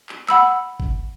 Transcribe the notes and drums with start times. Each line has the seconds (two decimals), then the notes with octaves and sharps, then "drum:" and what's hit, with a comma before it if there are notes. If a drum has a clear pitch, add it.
0.09 drum: clap
0.28 F#5 B5 E6, drum: clap
0.80 drum: kick G1